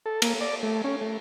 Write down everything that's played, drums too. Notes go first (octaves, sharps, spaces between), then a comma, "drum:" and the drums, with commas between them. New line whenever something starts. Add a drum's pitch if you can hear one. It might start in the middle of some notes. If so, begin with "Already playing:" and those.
A4
A#3, drum: cymbal
D5
A3
C#4
A3